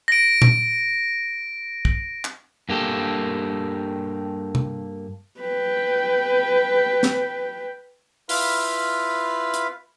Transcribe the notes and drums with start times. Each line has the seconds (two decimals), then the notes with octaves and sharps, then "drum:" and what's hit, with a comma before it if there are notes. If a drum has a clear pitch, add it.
0.08 A#6 D7
0.42 drum: tom
1.85 drum: kick
2.25 drum: clap
2.69 G2 A#3 G4 A4
4.55 drum: tom C3
5.41 B4 G5
7.03 drum: snare
8.29 E4 F4 B4 F5 B5, drum: open hi-hat
9.54 drum: hi-hat